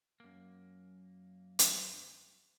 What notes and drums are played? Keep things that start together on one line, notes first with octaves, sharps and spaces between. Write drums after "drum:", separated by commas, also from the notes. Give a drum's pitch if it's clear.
F#2 A#3
drum: hi-hat